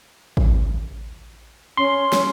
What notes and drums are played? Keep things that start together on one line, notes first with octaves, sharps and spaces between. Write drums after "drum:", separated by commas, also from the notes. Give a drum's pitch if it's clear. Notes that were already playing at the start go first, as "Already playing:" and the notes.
drum: kick A1
C#4 C6
drum: snare